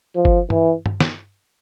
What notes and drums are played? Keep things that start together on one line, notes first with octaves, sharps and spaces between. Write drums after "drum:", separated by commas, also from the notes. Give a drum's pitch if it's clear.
F3
drum: kick G1
E3, drum: tom G2
drum: tom G2
drum: snare